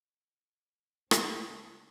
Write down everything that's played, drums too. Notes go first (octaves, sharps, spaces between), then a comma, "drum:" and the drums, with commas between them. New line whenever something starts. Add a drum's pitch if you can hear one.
C#2 C#4 A5, drum: rim click